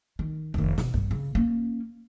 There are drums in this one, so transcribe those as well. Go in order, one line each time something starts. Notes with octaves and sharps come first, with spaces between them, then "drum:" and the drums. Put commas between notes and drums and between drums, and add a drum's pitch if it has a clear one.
D#3
F1 D#3, drum: kick
B2, drum: snare
G2, drum: kick
C#3
A#3 C#4